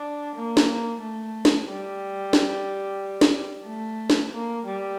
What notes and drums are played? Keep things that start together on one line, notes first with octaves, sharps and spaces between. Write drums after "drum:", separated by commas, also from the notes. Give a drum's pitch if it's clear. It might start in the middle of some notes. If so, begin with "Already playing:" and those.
Already playing: D4
A#3
drum: snare
A3
drum: snare
G3
drum: snare
drum: snare
A3
drum: snare
A#3
G3